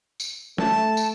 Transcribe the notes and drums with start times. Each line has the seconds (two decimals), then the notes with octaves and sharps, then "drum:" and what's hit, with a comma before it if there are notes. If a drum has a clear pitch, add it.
0.20 drum: tambourine
0.58 A3 A5, drum: snare
0.97 drum: tambourine